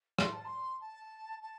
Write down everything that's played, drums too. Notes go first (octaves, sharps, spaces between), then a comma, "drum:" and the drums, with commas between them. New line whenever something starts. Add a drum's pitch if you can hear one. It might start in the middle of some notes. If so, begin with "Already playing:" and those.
C6, drum: rim click
A5
C6
A5
A5